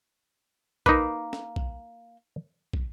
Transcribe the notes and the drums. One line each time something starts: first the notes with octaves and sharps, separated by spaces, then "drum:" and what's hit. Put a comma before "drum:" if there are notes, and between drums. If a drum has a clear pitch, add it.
A#3 D#4 B4, drum: kick
drum: snare
drum: kick
drum: kick